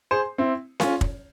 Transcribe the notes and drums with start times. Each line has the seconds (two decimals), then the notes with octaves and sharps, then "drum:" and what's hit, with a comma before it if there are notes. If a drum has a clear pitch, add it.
0.11 G#4 C5
0.38 C4 E4
0.80 C#4 F4, drum: snare C#4
1.01 drum: kick